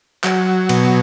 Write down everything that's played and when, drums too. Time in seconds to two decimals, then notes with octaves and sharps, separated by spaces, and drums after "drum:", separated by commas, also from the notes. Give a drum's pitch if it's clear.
0.24 F#3, drum: clap
0.69 B2, drum: cymbal